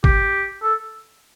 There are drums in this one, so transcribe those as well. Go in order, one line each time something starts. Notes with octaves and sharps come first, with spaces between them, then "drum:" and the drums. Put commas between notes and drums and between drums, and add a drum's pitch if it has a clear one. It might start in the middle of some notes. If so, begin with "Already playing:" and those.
G4, drum: kick G#1
A4